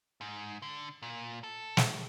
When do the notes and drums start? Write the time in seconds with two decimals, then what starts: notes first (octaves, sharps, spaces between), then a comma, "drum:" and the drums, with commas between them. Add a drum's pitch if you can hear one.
0.21 G#2
0.62 D3
1.02 A#2
1.44 A4
1.77 drum: snare